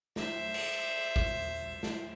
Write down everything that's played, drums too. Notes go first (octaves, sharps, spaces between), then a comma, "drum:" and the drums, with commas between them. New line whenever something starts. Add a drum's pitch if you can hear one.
C5 E5, drum: snare
drum: cymbal
drum: kick
drum: snare